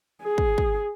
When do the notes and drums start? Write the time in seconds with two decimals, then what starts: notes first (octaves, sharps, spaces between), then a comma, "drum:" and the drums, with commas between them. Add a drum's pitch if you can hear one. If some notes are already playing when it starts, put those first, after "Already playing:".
0.23 G#4
0.38 drum: kick
0.58 drum: kick